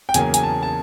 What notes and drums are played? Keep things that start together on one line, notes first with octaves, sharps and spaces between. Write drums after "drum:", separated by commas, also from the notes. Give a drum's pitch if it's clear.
G5
E2 C#3 F#3 A#3 G#5, drum: hi-hat
G#5, drum: hi-hat
A5
A5